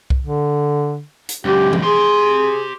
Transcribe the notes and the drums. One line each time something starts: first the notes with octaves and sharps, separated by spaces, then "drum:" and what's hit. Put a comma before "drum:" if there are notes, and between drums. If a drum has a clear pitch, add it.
drum: kick C2
D3
drum: hi-hat
C#2 F#2 G4
drum: tom E3
G4 G#4 C6